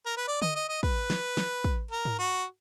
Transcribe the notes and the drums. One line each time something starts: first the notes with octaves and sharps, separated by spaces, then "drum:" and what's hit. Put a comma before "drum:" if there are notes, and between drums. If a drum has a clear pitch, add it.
A#4
B4
D5
D#5, drum: tom D3
D#5
D#5
B4, drum: kick
drum: snare
drum: snare
drum: kick
A#4
drum: tom G#2
F#4